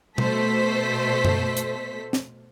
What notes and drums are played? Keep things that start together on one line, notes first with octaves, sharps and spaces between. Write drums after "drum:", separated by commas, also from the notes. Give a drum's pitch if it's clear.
B2 A3 A4 C5 B6, drum: tom B2
drum: tom F#2
drum: hi-hat
drum: snare